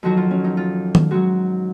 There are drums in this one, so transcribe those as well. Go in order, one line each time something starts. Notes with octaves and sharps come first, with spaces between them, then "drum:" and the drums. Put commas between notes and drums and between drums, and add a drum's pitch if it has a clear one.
F2 D#3 F#3 F#4
F4
C#4
D#4
F4
drum: tom D#3
G#2 F#3 F#4